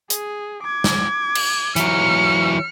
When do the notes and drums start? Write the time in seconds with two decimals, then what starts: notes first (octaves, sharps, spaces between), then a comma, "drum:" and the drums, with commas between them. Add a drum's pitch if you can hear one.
0.10 G#4, drum: hi-hat
0.63 D6 G#6
0.84 drum: snare
1.35 drum: cymbal
1.76 E3 F#3 F6 C#7, drum: hi-hat